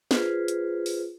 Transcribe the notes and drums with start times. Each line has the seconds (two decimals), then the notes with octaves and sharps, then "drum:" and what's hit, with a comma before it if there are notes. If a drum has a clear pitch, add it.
0.11 F4 G#4 B4 C5, drum: snare
0.48 drum: hi-hat
0.86 drum: open hi-hat